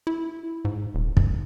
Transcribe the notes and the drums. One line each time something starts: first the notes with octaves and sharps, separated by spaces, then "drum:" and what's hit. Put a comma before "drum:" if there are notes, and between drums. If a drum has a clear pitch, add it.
E4
G#2
D#1
F1, drum: kick